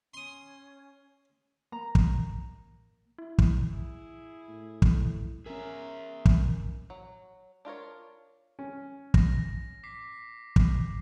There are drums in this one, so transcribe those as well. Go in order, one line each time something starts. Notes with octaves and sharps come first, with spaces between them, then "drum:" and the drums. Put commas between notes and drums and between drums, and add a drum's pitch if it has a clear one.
C#4 C6 D#6
A#3 A#5
drum: kick
E4
drum: kick
E4 G#4
A2
drum: kick
C#4 G#4 A#4 E5
drum: kick
F#3
D4 F4 A#4 C#5
C#4
A#6, drum: kick
D6 B6 C7
drum: kick